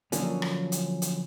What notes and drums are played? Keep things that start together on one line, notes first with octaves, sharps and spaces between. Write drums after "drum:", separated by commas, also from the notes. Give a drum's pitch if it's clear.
D3 F3 F#3 A#3 C#4, drum: hi-hat
drum: rim click
drum: hi-hat
drum: hi-hat